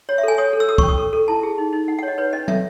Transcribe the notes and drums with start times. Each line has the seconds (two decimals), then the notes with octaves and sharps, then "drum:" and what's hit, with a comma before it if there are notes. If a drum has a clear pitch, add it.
0.09 C#5
0.18 E5
0.23 A4 G#5
0.38 C#5 D#6
0.53 A4
0.60 E6
0.68 A4 D#6
0.78 C#4 C#6, drum: kick
0.88 D#6
0.98 A4
1.13 A4
1.28 E4 A5
1.43 G#4
1.58 D#4
1.73 D#4
1.88 D#4 F#5
1.99 C#5 F#5
2.08 D#5
2.18 B4 C#5
2.33 C#4 D#5
2.48 A4 E5, drum: tom